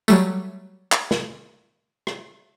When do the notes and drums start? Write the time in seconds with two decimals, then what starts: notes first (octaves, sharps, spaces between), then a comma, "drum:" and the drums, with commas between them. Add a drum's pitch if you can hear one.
0.08 F#3 G3 A3, drum: tambourine
0.92 drum: clap
1.11 drum: snare
2.07 drum: rim click